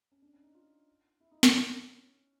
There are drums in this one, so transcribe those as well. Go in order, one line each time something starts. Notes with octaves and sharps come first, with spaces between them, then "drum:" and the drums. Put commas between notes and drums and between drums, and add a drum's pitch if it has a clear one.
C#4
D4
C#4
D#4
F4
E4
D#4
B3, drum: snare
C#4